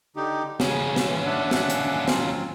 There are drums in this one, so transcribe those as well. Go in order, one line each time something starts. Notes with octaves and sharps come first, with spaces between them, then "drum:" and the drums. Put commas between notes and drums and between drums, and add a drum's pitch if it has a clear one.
D3 D#4 G4
D#2 C#3 C#4, drum: snare
drum: snare
E3
D4 E5 F#5
drum: snare
drum: hi-hat
F#3 C4 F4, drum: snare